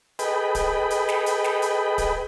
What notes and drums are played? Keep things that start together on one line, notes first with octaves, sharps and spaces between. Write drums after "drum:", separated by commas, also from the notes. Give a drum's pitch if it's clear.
G#4 A4 B4 D#5 G5 B5, drum: hi-hat
drum: kick, hi-hat
drum: hi-hat
drum: snare
drum: hi-hat
drum: snare
drum: hi-hat
drum: kick, hi-hat